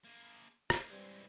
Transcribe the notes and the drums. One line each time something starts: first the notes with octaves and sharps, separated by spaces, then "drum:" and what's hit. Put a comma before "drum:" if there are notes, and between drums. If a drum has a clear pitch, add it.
A#3 G#4
E3 G#3, drum: rim click
G2 C4